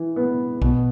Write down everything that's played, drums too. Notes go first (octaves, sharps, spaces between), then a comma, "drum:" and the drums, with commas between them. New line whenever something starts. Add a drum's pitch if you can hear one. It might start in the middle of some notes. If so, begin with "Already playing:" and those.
Already playing: E3
B3
B2, drum: kick B1